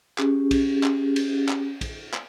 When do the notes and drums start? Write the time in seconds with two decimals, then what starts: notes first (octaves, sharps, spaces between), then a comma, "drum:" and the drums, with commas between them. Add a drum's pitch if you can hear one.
0.18 C#4 G4 G#4, drum: clap
0.51 drum: kick, cymbal
0.84 drum: clap
1.16 drum: cymbal
1.49 drum: clap
1.81 drum: kick, cymbal
2.14 drum: clap